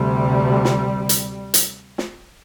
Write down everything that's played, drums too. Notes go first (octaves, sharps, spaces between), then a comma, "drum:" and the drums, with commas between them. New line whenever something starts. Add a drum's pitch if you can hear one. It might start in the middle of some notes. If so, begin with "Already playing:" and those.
Already playing: D2 C3 G3
drum: snare
drum: hi-hat
drum: hi-hat
drum: snare